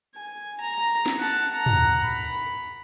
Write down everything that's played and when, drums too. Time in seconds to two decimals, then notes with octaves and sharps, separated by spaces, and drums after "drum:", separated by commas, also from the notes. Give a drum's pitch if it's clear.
0.15 G#5
0.60 A#5
1.06 drum: snare
1.18 F#5 A5
1.52 F#5 A#5
1.66 drum: tom
2.04 B5